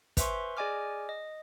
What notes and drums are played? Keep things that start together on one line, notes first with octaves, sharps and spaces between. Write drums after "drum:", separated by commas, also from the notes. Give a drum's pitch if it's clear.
B4 C5 E5 G#5 C6 C#6, drum: kick, hi-hat
G#4 D5 D#5 G#5 D6 F6
D#5